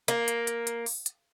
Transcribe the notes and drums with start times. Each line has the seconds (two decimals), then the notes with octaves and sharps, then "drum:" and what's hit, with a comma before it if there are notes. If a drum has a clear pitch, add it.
0.08 A#3, drum: hi-hat
0.28 drum: hi-hat
0.47 drum: hi-hat
0.67 drum: hi-hat
0.86 drum: open hi-hat
1.06 drum: hi-hat